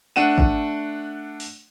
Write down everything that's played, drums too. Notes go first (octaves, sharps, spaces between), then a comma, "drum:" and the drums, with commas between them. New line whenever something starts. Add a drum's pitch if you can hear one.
A3 D4 F#5 D#7 E7
drum: kick
drum: open hi-hat